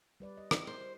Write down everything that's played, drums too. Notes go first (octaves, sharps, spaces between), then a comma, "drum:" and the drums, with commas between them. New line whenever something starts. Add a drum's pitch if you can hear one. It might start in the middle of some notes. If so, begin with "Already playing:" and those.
G3 B4 D5
D#5
E4 G4 A#4, drum: rim click
C5